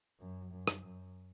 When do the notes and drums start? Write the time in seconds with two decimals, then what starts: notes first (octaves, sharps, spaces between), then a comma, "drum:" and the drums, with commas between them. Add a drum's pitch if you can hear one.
0.20 F#2
0.52 F#2
0.68 drum: rim click
0.84 F#2